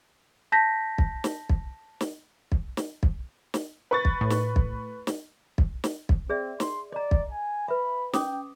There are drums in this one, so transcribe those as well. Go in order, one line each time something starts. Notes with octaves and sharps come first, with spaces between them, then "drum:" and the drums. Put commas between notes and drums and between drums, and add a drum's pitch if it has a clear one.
A5 G6 A#6 B6
drum: kick
drum: snare
drum: kick
drum: snare
drum: kick
drum: snare
drum: kick
drum: snare
B4 C#6 A6
drum: kick
A2
drum: snare
drum: kick
drum: snare
drum: kick
drum: snare
drum: kick
C4 G#4 D5 E5
C6, drum: snare
D5 D#5 A#5
drum: kick
G#5
B4 E5 B5
C#4 G5 D6 D#6, drum: snare